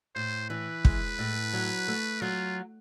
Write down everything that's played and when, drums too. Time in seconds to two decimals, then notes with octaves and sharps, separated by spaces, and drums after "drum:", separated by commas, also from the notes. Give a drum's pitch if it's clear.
0.16 A2 C5
0.50 E3 B4
0.85 G#3, drum: kick
1.18 A2
1.53 F#3
1.88 A3
2.22 F#3 F4